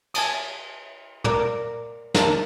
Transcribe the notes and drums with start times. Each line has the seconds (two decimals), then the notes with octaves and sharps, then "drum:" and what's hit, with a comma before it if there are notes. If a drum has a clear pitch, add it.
0.14 G#5 A5 D#6, drum: cymbal
1.24 A#4 D5 D6, drum: tom
2.14 A#4 A5, drum: snare